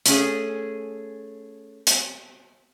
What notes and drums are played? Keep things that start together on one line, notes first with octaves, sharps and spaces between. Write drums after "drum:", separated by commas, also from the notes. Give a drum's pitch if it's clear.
A3 C#4 G#4, drum: hi-hat
drum: hi-hat